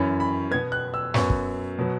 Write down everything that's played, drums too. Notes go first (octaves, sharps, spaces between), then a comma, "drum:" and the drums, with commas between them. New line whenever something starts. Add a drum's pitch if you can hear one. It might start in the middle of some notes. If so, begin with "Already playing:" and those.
Already playing: F#2 E3 C#4 B5
B5
B2 B3 G#6
F#6
E6
F#2 F#3 B3 C#6, drum: snare
drum: kick
B2 F#3 B3